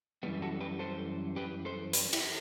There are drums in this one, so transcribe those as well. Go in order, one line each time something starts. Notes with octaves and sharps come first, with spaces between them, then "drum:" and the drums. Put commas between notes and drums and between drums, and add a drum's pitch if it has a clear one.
F#2 E3 G3 B3
F#4 A4
G4 B4
A4 C5
G4 B4
A4 C5
G4 B4, drum: hi-hat
E4 G4, drum: cymbal